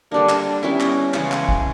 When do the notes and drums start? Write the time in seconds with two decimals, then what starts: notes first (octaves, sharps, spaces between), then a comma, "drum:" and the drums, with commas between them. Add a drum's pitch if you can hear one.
0.12 D3 G3 A#3 D4
0.29 drum: clap
0.63 G3 B3 C#4 E4
0.80 drum: clap
1.14 C#3 E3 G#3 C#4, drum: clap
1.32 drum: clap
1.49 drum: kick